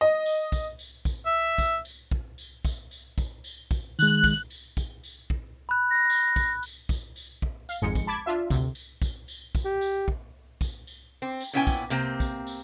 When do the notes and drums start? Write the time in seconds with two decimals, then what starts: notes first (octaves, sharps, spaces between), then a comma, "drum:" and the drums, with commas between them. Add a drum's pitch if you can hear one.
0.01 D#5
0.26 drum: tambourine
0.52 drum: kick, tambourine
0.79 drum: tambourine
1.05 drum: kick, tambourine
1.26 E5
1.58 drum: kick, tambourine
1.85 drum: tambourine
2.11 drum: kick
2.38 drum: tambourine
2.65 drum: kick, tambourine
2.91 drum: tambourine
3.18 drum: kick, tambourine
3.44 drum: tambourine
3.71 drum: kick, tambourine
3.99 D#3 G#3 F#6, drum: tambourine
4.24 drum: kick, tambourine
4.50 drum: tambourine
4.77 drum: kick, tambourine
5.03 drum: tambourine
5.30 drum: kick
5.69 B5 F#6
5.91 A#6
6.10 drum: tambourine
6.36 drum: kick, tambourine
6.63 drum: tambourine
6.89 drum: kick, tambourine
7.16 drum: tambourine
7.42 drum: kick
7.69 F5, drum: tambourine
7.82 G#1 F2 G#2 G#3 C#7
7.95 drum: kick, tambourine
8.07 A5 B5 D6 G#6
8.26 D4 F4 E5
8.50 D2 C3, drum: kick, tambourine
8.75 drum: tambourine
9.02 drum: kick, tambourine
9.28 drum: tambourine
9.55 drum: kick, tambourine
9.65 G4
9.81 drum: tambourine
10.08 drum: kick
10.61 drum: kick, tambourine
10.87 drum: tambourine
11.22 C4
11.40 drum: tambourine
11.53 A#2 B3 C#4 E4 G5 G#5
11.67 drum: kick, tambourine
11.90 C3 A#3 C4
12.20 drum: kick, tambourine
12.47 drum: tambourine